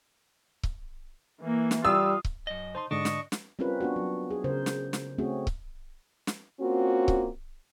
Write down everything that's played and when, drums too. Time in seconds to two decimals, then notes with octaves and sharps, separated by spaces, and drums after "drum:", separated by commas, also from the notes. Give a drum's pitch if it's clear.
0.63 drum: kick C#1
1.40 E3 A#3
1.71 drum: snare
1.85 G3 F4 D#6 E6
2.25 drum: kick C#1
2.47 F#2 D#5
2.75 D#4 C5 A5 C6
2.91 G#2 D3 D4 D#5 C#6
3.05 drum: snare
3.32 drum: snare
3.59 G3 C4 C#4 F4 A#4 B4
3.81 B3 D4 F#4
3.96 F#3
4.31 G#4
4.44 C#3 A#4 C5
4.66 drum: snare
4.93 drum: snare
5.18 A3 C4 C#4 F#4 G#4
5.47 drum: kick C#1
6.27 drum: snare
6.60 A#3 C4 C#4 F4 F#4
7.08 drum: kick C#1